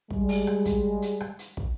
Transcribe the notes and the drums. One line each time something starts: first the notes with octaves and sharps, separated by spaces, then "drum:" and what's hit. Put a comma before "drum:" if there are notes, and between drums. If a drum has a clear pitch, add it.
G3 G#3, drum: kick
drum: open hi-hat
drum: rim click
drum: kick, hi-hat
drum: hi-hat
drum: rim click
drum: hi-hat
drum: kick